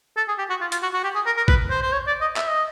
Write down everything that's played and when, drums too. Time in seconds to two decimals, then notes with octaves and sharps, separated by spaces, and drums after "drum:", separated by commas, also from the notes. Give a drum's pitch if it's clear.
0.17 A4
0.28 G#4
0.39 G4
0.50 F#4
0.61 F4
0.72 F4, drum: hi-hat
0.82 F#4
0.94 F#4
1.04 G4
1.15 G#4
1.26 A#4
1.37 A#4
1.48 B4, drum: kick
1.71 C5
1.82 C5
1.93 C#5
2.07 D5
2.21 D#5
2.36 E5, drum: clap
2.49 D#5